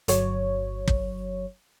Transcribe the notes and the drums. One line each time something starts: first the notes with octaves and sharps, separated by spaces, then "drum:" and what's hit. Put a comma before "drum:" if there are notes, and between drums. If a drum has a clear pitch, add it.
G1 F#3 C#5, drum: hi-hat
drum: kick